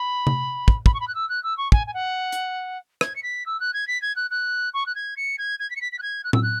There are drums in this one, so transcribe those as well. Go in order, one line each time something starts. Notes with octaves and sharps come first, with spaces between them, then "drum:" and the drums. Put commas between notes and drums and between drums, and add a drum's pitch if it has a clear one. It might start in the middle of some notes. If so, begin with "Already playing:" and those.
Already playing: B5
drum: tom C3
drum: kick
B5, drum: kick
C#6
B5
F#6
E6
F#6
E6
C#6
G#5, drum: kick
G#5
F#5
drum: hi-hat
G#6, drum: rim click
C#7
B6
E6
F#6
G#6
B6
G#6
F#6
F#6
C#6
F#6
G#6
C#7
G#6
G#6
B6
C#7
B6
B6
F#6
G#6
F#6
E6, drum: tom A2
F#6